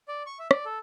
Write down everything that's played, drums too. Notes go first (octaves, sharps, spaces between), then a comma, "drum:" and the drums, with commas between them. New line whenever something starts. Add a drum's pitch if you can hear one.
D5
C#6
E5
D5, drum: rim click
A4